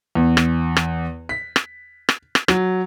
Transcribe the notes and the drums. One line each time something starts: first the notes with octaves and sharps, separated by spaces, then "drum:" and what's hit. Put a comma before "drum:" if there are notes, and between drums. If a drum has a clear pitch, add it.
E2
drum: rim click
drum: rim click
B6
drum: rim click
drum: rim click
drum: rim click
F#3, drum: rim click